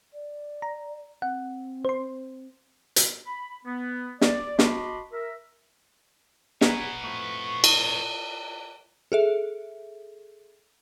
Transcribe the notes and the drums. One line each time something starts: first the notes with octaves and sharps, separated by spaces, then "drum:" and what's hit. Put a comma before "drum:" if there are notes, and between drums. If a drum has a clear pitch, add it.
D5
A#5
C4 F#5
C5 C6
drum: hi-hat
B5
B3
D5, drum: snare
F#4 D#5 A5 B5 C6 D6, drum: snare
A#4 E5
G3 G#4 B4 C#5 D#5 F#5 G#5 A#5, drum: snare
F2 A2 C#6
drum: cymbal
G#4 A4 E5